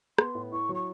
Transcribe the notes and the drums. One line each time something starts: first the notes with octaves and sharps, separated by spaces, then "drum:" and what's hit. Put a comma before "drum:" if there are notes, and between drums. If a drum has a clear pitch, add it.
B3 C6, drum: rim click
A2
E4 C#6
F#3
C#6